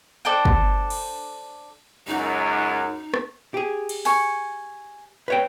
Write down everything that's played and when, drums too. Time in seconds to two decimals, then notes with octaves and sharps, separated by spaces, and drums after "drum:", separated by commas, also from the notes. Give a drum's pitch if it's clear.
0.25 D4 A4 C5 G5
0.45 drum: kick
0.90 drum: cymbal
2.08 C#2 F#2 D#4
3.14 drum: rim click
3.54 G4 G#4
3.89 drum: cymbal
4.05 G#5 C#6, drum: open hi-hat
5.28 B4 C#5 G5